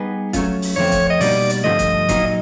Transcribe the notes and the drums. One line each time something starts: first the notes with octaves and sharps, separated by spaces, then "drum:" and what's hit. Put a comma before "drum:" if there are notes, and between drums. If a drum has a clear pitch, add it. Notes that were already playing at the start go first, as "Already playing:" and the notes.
Already playing: G3 B3 D#4 G#4 B4
F#3 A3 C#4 F4, drum: kick, hi-hat
drum: open hi-hat
F2 D3 F3 A3 C4 C#5
drum: kick, hi-hat
D#5
B2 G3 A#3 D#4 D5, drum: open hi-hat
drum: hi-hat
G2 D3 F3 A3 D#5
drum: kick, hi-hat
A#2 F#3 A#3 D#4, drum: kick, hi-hat